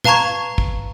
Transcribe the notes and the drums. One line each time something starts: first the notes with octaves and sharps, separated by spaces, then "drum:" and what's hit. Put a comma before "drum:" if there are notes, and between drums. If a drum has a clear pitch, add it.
B4 F5 A5 A#5 C#6 G#6, drum: tom
drum: kick